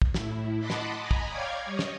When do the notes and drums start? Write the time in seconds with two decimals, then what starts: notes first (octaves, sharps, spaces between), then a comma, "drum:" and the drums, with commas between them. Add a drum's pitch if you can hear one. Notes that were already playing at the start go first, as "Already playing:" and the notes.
0.02 drum: kick
0.14 A2 E4, drum: snare
0.58 D#5 F#5 A5 B5 C6 D6
0.70 drum: snare
0.99 D#5 G#5 A#5 B5
1.11 drum: kick
1.29 C#5 D5 F5 G5 D6 G#6
1.65 G3 C#5 D#5
1.79 drum: snare